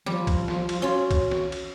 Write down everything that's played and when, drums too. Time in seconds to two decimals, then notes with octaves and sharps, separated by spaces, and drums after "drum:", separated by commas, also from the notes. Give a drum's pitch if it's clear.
0.06 F3 G3, drum: snare
0.27 drum: kick, cymbal
0.48 drum: snare
0.69 drum: cymbal
0.82 C#4 F4 F#4
1.11 drum: kick, cymbal
1.31 drum: snare
1.52 drum: cymbal